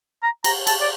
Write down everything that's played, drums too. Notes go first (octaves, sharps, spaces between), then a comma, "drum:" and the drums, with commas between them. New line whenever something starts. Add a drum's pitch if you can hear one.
A#5
A#5, drum: cymbal
A5, drum: cymbal
D5